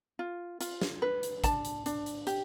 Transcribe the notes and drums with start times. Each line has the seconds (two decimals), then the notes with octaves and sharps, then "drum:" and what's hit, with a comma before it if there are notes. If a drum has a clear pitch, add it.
0.19 F4
0.61 F4, drum: hi-hat
0.82 drum: snare
1.02 B4
1.23 drum: hi-hat
1.44 D4 A5, drum: kick, hi-hat
1.65 drum: hi-hat
1.86 D4, drum: hi-hat
2.06 drum: hi-hat
2.27 G4, drum: hi-hat